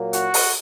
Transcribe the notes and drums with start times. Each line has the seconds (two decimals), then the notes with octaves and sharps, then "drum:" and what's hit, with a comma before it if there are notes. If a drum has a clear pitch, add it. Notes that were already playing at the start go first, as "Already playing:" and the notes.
Already playing: A#2 F#3 A#3
0.13 F#4, drum: hi-hat
0.34 drum: open hi-hat